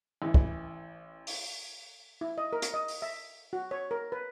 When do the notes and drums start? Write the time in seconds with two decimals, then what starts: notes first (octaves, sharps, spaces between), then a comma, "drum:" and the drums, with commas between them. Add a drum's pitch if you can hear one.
0.22 A1 E3 E4
0.34 drum: kick
1.27 drum: open hi-hat
2.21 E4
2.38 D#5
2.53 A#4
2.62 drum: hi-hat
2.74 D#5
2.88 drum: open hi-hat
3.02 E5
3.53 F#4
3.71 C#5
3.91 A#4
4.12 B4